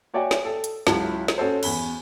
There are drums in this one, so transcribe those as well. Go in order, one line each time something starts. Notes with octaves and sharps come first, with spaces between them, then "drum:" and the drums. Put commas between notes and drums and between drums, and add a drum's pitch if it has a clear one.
F#4 C#5 D5 E5 G5 G#5
drum: snare
A4
drum: hi-hat
C#2 F#3 E4 A5, drum: snare
drum: snare
C#4 F#4 A4 C5
E2 G#5 B5 G7, drum: cymbal